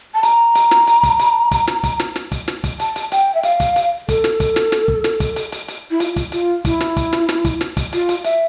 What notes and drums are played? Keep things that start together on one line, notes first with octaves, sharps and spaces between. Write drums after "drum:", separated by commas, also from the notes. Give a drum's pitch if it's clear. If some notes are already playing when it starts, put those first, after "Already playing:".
A5
A#5, drum: hi-hat
drum: hi-hat
drum: snare
drum: hi-hat
drum: kick, hi-hat
drum: hi-hat
drum: kick, hi-hat
drum: snare
drum: kick, hi-hat
drum: snare
drum: snare
drum: kick, hi-hat
drum: snare
drum: kick, hi-hat
A5, drum: hi-hat
drum: hi-hat
G5, drum: hi-hat
E5
F5, drum: hi-hat
drum: kick, hi-hat
drum: hi-hat
A4, drum: kick, hi-hat
drum: snare
drum: kick, hi-hat
drum: snare
drum: snare
drum: kick
drum: snare
drum: kick, hi-hat
drum: hi-hat
drum: hi-hat
drum: hi-hat
E4
F4, drum: hi-hat
drum: kick, hi-hat
F4, drum: hi-hat
E4, drum: kick, hi-hat
drum: snare
drum: kick, hi-hat
drum: snare
drum: snare
drum: kick, hi-hat
drum: snare
drum: kick, hi-hat
F4, drum: hi-hat
drum: hi-hat
E5, drum: hi-hat